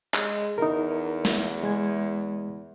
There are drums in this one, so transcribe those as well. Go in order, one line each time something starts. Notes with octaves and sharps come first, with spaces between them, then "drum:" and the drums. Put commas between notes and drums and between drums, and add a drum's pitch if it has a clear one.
G#3, drum: clap
E2 D#4 A#4
drum: snare
G#3 G#6